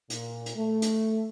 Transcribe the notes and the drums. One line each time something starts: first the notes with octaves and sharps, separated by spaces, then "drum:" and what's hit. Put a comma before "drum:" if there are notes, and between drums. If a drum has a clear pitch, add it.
A#2, drum: hi-hat
drum: hi-hat
A3
drum: hi-hat